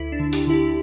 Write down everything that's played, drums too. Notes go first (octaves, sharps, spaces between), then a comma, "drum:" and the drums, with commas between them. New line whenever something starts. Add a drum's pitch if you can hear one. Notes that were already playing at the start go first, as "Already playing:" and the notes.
Already playing: D2 E4
D4
D3
G4, drum: open hi-hat
D3 E4
G4